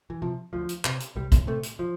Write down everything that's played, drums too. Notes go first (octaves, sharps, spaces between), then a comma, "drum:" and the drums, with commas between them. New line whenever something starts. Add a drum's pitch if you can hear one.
E3
C3 F3
D2 F3
drum: hi-hat
C3, drum: clap
drum: hi-hat
C2 G3
drum: kick, hi-hat
C3 A3
drum: hi-hat
F3